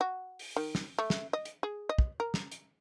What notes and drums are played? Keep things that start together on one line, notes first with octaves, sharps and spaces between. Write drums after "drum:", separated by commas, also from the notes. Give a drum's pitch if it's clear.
F#4
drum: open hi-hat
D#3
drum: snare
A3
drum: snare
D#5
drum: hi-hat
G#4
D#5
drum: kick
A#4
drum: snare
drum: hi-hat